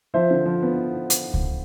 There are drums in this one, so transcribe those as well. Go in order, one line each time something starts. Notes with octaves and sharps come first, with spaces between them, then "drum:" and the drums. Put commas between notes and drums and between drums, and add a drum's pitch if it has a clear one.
F3 C5 E5
D3
F3
B3
drum: hi-hat
drum: kick C#2